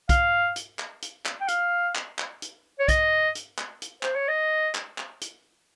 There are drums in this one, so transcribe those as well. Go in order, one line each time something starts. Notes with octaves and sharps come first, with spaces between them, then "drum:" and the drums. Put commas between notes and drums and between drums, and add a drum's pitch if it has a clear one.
F5, drum: kick B1, hi-hat
drum: hi-hat
drum: clap
drum: hi-hat
drum: clap
G5
F5, drum: hi-hat
drum: clap
drum: clap
drum: hi-hat
C#5
D#5, drum: kick B1, hi-hat
drum: hi-hat
drum: clap
drum: hi-hat
C5, drum: clap
C#5
D#5
drum: clap
drum: clap
drum: hi-hat